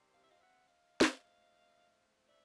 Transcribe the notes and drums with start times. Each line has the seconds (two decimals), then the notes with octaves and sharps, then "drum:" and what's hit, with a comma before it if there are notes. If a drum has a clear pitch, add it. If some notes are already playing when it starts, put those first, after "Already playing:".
Already playing: C3 D#3 G3 C4
0.13 F5
0.21 E5
0.28 D#5 F5
0.40 E5 F#5
0.66 D#5 F5
1.01 drum: snare
1.20 G#2 F3 A3 C4
2.27 D5 E5